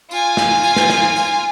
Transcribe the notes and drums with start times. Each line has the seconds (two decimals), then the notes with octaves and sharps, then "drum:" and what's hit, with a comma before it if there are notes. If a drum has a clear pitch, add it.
0.11 F4 G#5, drum: tambourine
0.37 drum: snare
0.63 drum: tambourine
0.76 drum: snare
0.90 drum: snare
1.16 drum: tambourine